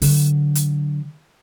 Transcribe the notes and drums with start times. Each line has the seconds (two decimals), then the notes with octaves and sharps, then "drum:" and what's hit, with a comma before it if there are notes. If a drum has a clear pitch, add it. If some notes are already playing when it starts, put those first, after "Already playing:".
0.02 D3 F#3, drum: open hi-hat
0.55 drum: hi-hat